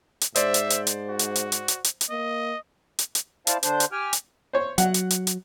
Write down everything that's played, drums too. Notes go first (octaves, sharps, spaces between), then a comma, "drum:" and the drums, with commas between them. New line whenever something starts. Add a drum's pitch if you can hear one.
drum: hi-hat
G#2 C5 D5 E5, drum: hi-hat
drum: hi-hat
drum: hi-hat
drum: hi-hat
F#4
drum: hi-hat
drum: hi-hat
drum: hi-hat
drum: hi-hat
drum: hi-hat
drum: hi-hat
A#3 D#5
drum: hi-hat
drum: hi-hat
E4 C5 D5 F5 A5, drum: hi-hat
D3 D4 C5 G6, drum: hi-hat
drum: hi-hat
G4 G5 G#5 F6
drum: hi-hat
C5 C#5
F#3 F#5, drum: hi-hat
drum: hi-hat
drum: hi-hat
drum: hi-hat